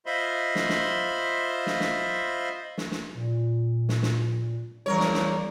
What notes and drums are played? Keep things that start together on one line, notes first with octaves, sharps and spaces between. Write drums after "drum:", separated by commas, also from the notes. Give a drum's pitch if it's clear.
F4 C5 D#5 E5 B5 C6
drum: snare
drum: snare
drum: snare
drum: snare
drum: snare
drum: snare
A#2
drum: snare
drum: snare
E2 G3 A#4 C#5
drum: snare
drum: snare